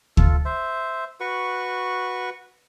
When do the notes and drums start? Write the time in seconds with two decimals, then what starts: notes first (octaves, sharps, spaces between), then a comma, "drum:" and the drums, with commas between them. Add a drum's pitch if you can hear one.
0.17 F4 A4, drum: kick D2
0.45 C5 E5
1.20 F#4 B4 C#6